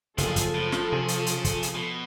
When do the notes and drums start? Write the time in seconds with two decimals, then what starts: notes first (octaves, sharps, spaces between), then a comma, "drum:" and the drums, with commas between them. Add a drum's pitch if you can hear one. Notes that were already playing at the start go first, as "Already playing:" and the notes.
0.18 F#1 A2 F3 G#4 A4, drum: hi-hat
0.36 drum: kick, hi-hat
0.54 A2
0.72 drum: snare
0.92 C3 C#4 G#4
1.08 drum: hi-hat
1.26 drum: hi-hat
1.45 drum: kick, hi-hat
1.63 drum: hi-hat
1.75 B2